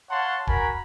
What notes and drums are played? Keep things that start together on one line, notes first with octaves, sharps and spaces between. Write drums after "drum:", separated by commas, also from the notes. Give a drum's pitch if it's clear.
C#5 F5 F#5 A5 C6
F#4 A#4 G#5 A#5 B5, drum: kick